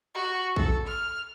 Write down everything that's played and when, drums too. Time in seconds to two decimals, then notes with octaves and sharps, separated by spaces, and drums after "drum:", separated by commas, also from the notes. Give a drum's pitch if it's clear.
0.15 F#4
0.56 A4, drum: kick A1
0.87 F6